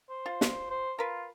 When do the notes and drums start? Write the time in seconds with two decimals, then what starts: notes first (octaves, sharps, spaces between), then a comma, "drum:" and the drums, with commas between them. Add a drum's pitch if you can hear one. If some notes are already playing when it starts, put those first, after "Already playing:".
0.10 C5
0.26 F4
0.41 drum: snare
0.70 C5
0.99 F4 A#4 B4